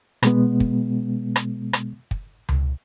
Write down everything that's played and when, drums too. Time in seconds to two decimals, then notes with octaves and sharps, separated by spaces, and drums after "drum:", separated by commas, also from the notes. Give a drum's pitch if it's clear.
0.23 B2 G#3 B3, drum: rim click
0.60 drum: kick
1.36 drum: rim click
1.73 drum: rim click
2.11 drum: kick
2.49 drum: tom C#2